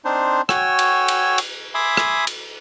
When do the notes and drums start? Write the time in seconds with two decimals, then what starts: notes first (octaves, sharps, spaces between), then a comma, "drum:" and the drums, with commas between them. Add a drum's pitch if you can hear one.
0.05 C4 D4 D#4 C5
0.49 F#4 C#5 G5 G#5 E6, drum: rim click
0.79 drum: cymbal
1.08 drum: cymbal
1.38 drum: cymbal
1.75 E5 G#5 B5 C6 D6 D#6
1.97 drum: rim click
2.27 drum: cymbal